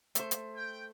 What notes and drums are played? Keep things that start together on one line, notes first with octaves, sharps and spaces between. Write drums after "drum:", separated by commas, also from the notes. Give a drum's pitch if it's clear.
A3 C5, drum: hi-hat
drum: hi-hat
G5